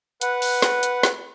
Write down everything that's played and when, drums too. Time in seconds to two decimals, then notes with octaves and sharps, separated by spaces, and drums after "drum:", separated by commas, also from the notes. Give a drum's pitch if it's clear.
0.21 B4 F#5, drum: hi-hat
0.42 drum: open hi-hat
0.62 drum: snare
0.83 drum: hi-hat
1.03 drum: snare